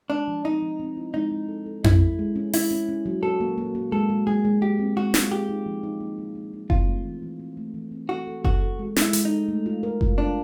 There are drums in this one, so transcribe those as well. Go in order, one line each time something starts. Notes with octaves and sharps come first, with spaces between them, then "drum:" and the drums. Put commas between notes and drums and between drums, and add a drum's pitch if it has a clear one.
G#3 D4
F3
C4 D#4
F3
C4
E4
G#3 D#4
G#3
A4
A4
C#4 E4, drum: tom F2
C#4
G#3
C#4
C#4 E4, drum: open hi-hat
C#4
C#4
F#3
F#4 A4
A#3
A#3
A#3
G#3 A4
G#3
G#3 G#4
G#3
G#3 G4
C4
G#3 F#4
F4, drum: snare
G4 G#4
D#4
F3
D#4
A#3
A#3
A#3
D#4
C4 F4, drum: kick F#1
A3
E3
E3
C4
A3
E3
C4
F#4 A4
A4
F#4 A4, drum: kick F#1
A4
G#3
G#3, drum: snare
E4
G#3, drum: hi-hat
D#4
A4
A3
F4
A#4
F4, drum: kick F#1
D4 F4